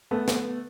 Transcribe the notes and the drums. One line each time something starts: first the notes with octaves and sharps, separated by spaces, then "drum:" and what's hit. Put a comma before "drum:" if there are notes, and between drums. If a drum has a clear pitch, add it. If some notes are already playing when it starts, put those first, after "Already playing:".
A3 B3
drum: snare